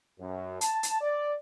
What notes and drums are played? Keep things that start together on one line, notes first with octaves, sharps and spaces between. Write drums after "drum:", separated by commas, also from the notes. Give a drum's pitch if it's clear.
F#2
A5, drum: hi-hat
drum: hi-hat
D5